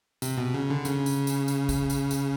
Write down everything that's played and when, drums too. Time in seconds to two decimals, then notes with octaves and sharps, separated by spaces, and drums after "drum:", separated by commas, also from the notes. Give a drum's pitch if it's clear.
0.22 C3, drum: tambourine
0.38 B2
0.54 C#3
0.70 D3
0.85 C#3, drum: tambourine
1.06 drum: tambourine
1.27 drum: tambourine
1.48 drum: tambourine
1.69 drum: kick, tambourine
1.90 drum: tambourine
2.11 drum: tambourine